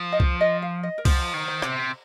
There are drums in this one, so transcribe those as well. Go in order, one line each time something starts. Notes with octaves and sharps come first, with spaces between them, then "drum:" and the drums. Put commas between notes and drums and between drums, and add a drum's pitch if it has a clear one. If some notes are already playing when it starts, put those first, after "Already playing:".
Already playing: F3
D#5
C5, drum: kick C2
D#5
F5
D#5
A#4
F3 C5, drum: kick C2, cymbal
D#3
C5
C3, drum: rim click